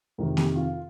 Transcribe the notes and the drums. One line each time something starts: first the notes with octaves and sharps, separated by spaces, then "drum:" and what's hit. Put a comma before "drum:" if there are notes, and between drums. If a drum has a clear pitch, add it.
F2 C3 D#3 A#4
G4, drum: snare A#3
F4